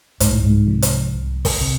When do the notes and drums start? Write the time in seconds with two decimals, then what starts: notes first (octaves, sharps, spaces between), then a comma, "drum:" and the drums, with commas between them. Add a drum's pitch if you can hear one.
0.20 C2 G#2, drum: hi-hat
0.31 A2
0.44 G#2
0.67 C3 F3
0.82 drum: hi-hat
1.14 C2
1.45 drum: kick, open hi-hat
1.61 C3